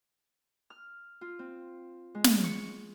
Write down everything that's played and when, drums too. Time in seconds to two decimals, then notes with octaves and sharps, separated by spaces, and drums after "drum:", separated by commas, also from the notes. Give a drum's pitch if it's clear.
0.70 F6
1.21 F4
1.39 C4
2.15 G#3
2.24 drum: snare
2.44 C#6